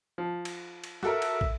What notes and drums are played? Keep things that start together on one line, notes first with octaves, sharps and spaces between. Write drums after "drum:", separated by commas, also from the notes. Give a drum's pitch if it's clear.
F3
drum: cymbal
drum: cymbal
F#4 A4 A#4 E5, drum: snare
drum: cymbal
drum: kick